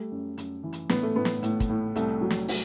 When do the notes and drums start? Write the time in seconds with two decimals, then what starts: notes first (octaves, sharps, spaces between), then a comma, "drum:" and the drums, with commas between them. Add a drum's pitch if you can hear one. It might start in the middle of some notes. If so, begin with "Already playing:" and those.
Already playing: G3 A3
0.12 F#2
0.38 F#2, drum: hi-hat
0.63 E3
0.73 drum: hi-hat
0.89 A2 B3, drum: snare
1.03 A3
1.16 A2 B3
1.25 drum: snare
1.43 A2, drum: hi-hat
1.60 drum: kick, hi-hat
1.69 A2
1.96 C2 A3, drum: hi-hat
2.21 F#3
2.31 drum: snare
2.48 F#3, drum: open hi-hat